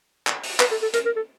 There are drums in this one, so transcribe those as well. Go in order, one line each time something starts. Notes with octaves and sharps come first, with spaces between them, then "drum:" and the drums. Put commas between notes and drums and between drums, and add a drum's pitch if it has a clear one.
drum: clap
drum: open hi-hat
B4, drum: clap
A4
A4
A#4, drum: hi-hat
A#4
A4